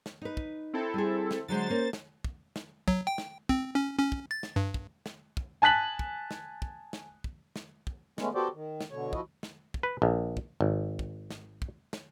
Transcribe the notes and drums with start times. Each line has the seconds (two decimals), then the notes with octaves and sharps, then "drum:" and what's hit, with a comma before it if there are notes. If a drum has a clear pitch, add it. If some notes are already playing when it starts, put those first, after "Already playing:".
0.06 drum: snare
0.22 D#4 B4
0.37 drum: kick
0.74 C4 E4 A4
0.94 G3 G#4
1.31 drum: snare
1.48 D3 F#3 G#3 C5 A6
1.70 A#3 C#4
1.93 drum: snare
2.24 drum: kick
2.56 drum: snare
2.88 F#3, drum: kick
3.07 G5
3.18 drum: snare
3.49 C4, drum: kick
3.75 C#4
3.99 C#4
4.12 drum: kick
4.31 A6
4.43 drum: snare
4.56 G2
4.74 drum: kick
5.06 drum: snare
5.37 drum: kick
5.62 G#5 A5 F#6 B6 F#7
5.99 drum: kick
6.31 drum: snare
6.62 drum: kick
6.93 drum: snare
7.24 drum: kick
7.56 drum: snare
7.87 drum: kick
8.18 G#3 A3 B3 C#4, drum: snare
8.35 B3 F#4 G4 A4 C5 D5
8.54 D#3
8.81 drum: snare
8.91 B2 D3 C#5
9.13 F3 E4 F#4 D#5, drum: kick
9.43 drum: snare
9.74 drum: kick
9.83 B4
10.02 A#1
10.37 drum: kick
10.61 G#1
10.99 drum: kick
11.30 drum: snare
11.62 drum: kick
11.93 drum: snare